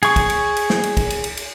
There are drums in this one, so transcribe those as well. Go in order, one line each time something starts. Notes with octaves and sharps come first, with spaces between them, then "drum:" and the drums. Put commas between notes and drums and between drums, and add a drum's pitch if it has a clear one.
G#4 C#6, drum: cymbal
drum: kick, cymbal
drum: cymbal
drum: cymbal
drum: snare
drum: cymbal
drum: kick, cymbal
drum: cymbal
drum: cymbal
drum: cymbal